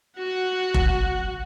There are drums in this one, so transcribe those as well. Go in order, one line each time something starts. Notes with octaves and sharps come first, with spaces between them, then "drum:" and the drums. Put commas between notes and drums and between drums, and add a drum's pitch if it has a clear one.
F#4 F#5
drum: kick F1